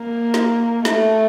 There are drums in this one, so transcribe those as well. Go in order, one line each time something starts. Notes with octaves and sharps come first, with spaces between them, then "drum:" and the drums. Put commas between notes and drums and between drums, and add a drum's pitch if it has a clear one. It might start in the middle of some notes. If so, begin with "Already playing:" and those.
Already playing: A#3
drum: snare
A3, drum: snare